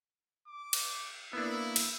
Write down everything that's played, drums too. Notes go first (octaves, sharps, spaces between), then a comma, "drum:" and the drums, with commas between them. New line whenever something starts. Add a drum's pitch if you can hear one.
D6
drum: cymbal
A#3 B3 D4 E4 E6
drum: cymbal